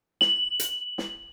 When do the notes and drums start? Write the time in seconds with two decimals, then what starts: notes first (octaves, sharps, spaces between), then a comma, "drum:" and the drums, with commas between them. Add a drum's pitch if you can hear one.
0.21 F#7, drum: snare
0.59 drum: hi-hat
0.98 drum: snare